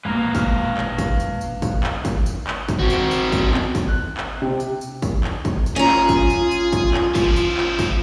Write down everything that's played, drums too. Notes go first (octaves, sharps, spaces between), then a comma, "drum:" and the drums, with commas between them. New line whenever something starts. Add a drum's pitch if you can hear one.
E1 A#1 F2 G#3 A#3 B4 F5 A#5
drum: kick, tambourine
drum: clap
drum: kick, tambourine
drum: tambourine
drum: tambourine
drum: kick, tambourine
drum: clap
drum: kick, tambourine
drum: tambourine
drum: clap
drum: kick, tambourine
C4 F#4
drum: tambourine
drum: tambourine
drum: kick, tambourine
drum: clap
drum: kick, tambourine
F#6
drum: clap
C3
drum: tambourine
drum: tambourine
drum: kick, tambourine
drum: clap
drum: kick, tambourine
drum: tambourine
C#4 F4 G#4 A#5
drum: clap
drum: kick, tambourine
drum: tambourine
drum: tambourine
drum: kick, tambourine
drum: clap
F3 E4, drum: kick, tambourine
drum: tambourine
drum: clap
drum: kick, tambourine